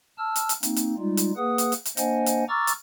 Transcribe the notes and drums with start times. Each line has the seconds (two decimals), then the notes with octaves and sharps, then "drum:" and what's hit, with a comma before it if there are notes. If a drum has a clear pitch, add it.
0.18 A5 E6 F6
0.36 drum: hi-hat
0.49 drum: hi-hat
0.63 A#3 C4 D#4, drum: hi-hat
0.76 drum: hi-hat
0.98 G3 G#3 D#4 F4
1.17 drum: hi-hat
1.37 A#3 G#4 B4 F#5 D#6
1.58 drum: hi-hat
1.72 drum: hi-hat
1.85 drum: hi-hat
1.97 A#3 D4 C5 D#5 F#5 G#5, drum: hi-hat
2.26 drum: hi-hat
2.49 A#5 C#6 D6 E6 F6 A6
2.67 drum: hi-hat